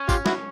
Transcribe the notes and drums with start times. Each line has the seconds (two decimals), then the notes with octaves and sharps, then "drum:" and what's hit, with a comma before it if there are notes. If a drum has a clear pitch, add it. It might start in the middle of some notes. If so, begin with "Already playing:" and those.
Already playing: C#4
0.09 F4 G4, drum: kick G#1, tambourine
0.26 E4 F#4, drum: snare